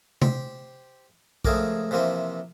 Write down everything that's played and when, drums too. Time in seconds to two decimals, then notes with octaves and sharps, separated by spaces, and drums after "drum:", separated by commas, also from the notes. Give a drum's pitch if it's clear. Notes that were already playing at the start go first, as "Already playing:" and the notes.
0.22 G4 C5, drum: tom C3
1.45 C#2 F3 A3 G#4 A#4 D6, drum: kick B1
1.91 C3 E3 F3 A#3 C4